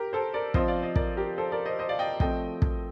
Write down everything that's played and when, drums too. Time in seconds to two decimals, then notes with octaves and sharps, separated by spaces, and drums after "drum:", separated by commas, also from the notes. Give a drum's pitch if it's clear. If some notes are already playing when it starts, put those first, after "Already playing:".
Already playing: G4 A#4
0.13 A4 C5
0.34 A#4 D5
0.54 F3 C4 F4 C5 D#5, drum: kick
0.68 D5 F5
0.82 C5 D#5
0.96 A#4 D5, drum: kick
1.17 G4 A#4
1.38 A4 C5
1.52 A#4 D5
1.66 C5 D#5
1.79 C5 D#5
1.89 D5 F5
1.99 D#5 G5
2.20 F3 A3 C4 D#5 G5, drum: kick
2.62 drum: kick